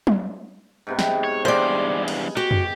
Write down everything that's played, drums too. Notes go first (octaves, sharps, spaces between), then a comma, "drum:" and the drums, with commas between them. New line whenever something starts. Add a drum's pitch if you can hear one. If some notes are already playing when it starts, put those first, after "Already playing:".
drum: tom F#3
G#2 C3 B3
drum: snare
C#5
E2 G2 G#4 C5 D5
drum: cymbal
F#4 G4
drum: tom F2